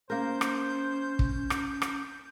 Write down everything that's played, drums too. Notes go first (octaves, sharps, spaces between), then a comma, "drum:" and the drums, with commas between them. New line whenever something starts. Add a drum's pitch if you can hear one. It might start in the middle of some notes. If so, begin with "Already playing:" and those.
A#3 C#4 A#4 C5 G6
drum: rim click
drum: kick
drum: rim click
drum: rim click